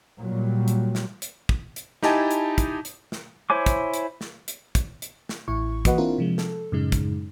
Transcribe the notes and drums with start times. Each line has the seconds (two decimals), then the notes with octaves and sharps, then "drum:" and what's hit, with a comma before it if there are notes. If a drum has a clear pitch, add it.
0.21 A#2 F#3 G3
0.68 drum: hi-hat
0.95 drum: snare
1.22 drum: hi-hat
1.49 drum: kick
1.76 drum: hi-hat
2.03 D#4 E4 G4 D#5 G#5 A5, drum: snare
2.31 drum: hi-hat
2.58 drum: kick, hi-hat
2.85 drum: hi-hat
3.12 drum: snare
3.50 E4 C5 C#5 G#5 D6
3.66 drum: kick, hi-hat
3.94 drum: hi-hat
4.21 drum: snare
4.48 drum: hi-hat
4.75 drum: kick, hi-hat
5.02 drum: hi-hat
5.29 drum: snare
5.48 A1 A2 E4 C#6
5.85 E3 A#3 F#4 B4 D#5 F#5, drum: kick, hi-hat
5.98 C4 D4 E4 F4 A#4
6.18 C3 F3 G#3
6.38 A4, drum: snare
6.72 F#2 A2 C#3 G#3 D#4
6.92 drum: kick, hi-hat